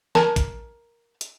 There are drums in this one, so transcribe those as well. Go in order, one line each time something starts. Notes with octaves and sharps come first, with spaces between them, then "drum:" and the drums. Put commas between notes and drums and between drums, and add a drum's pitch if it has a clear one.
A#4 G#5 A5, drum: snare
drum: kick, hi-hat
drum: hi-hat